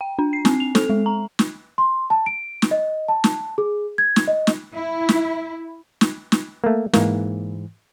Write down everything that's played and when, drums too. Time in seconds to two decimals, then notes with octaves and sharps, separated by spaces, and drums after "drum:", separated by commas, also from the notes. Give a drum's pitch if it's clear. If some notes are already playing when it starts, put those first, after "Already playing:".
0.01 G5
0.19 D4
0.33 C7
0.45 C4, drum: snare
0.60 F7
0.75 A4, drum: snare
0.90 G#3
1.06 A#5
1.39 drum: snare
1.78 C6
2.10 A5
2.26 D7
2.62 drum: snare
2.71 D#5
3.08 A5
3.24 drum: snare
3.58 G#4
3.98 G#6
4.16 drum: snare
4.28 D#5
4.47 drum: snare
4.74 E4
5.09 drum: snare
6.01 drum: snare
6.32 drum: snare
6.64 A3 A#3
6.93 G#2 E3 A#3, drum: snare